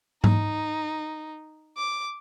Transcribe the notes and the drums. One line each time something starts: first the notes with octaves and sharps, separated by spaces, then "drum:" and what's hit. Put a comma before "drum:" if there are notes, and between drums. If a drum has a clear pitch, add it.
D#4, drum: tom G#2
D6